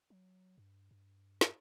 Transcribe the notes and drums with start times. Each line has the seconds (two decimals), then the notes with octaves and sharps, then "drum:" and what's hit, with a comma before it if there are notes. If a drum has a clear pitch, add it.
0.10 F#3
0.58 G2
0.91 G2
1.41 drum: snare